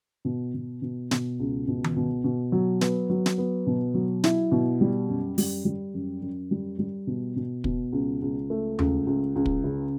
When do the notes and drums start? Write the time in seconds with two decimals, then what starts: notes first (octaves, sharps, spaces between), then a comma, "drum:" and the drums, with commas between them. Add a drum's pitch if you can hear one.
0.25 B2
0.54 B2
0.82 B2
1.11 B2, drum: snare
1.40 C#2
1.68 B2
1.84 drum: tom D#3
1.96 B2
2.24 B2
2.52 F#3
2.81 B3, drum: snare
3.10 F#3
3.26 drum: snare
3.38 B3
3.67 B2
3.94 F#3
4.24 E4, drum: snare
4.52 B2
4.81 G3
5.08 F#2
5.38 G3, drum: open hi-hat
5.65 G3
5.94 F#2
6.22 F#2
6.51 G3
6.79 G3
7.07 B2
7.36 B2
7.64 B2, drum: kick
7.93 C#2
8.22 C#2
8.50 A3
8.79 C#2, drum: tom D#2
9.07 C#2
9.36 C#2
9.46 drum: kick
9.64 C#3